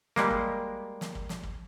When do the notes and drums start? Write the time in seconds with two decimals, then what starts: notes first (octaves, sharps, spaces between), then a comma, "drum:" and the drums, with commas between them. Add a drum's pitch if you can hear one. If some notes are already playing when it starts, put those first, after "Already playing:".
0.16 G3 G#3 A#3, drum: snare
0.30 drum: kick
1.01 drum: snare
1.15 drum: kick
1.29 drum: snare
1.43 drum: kick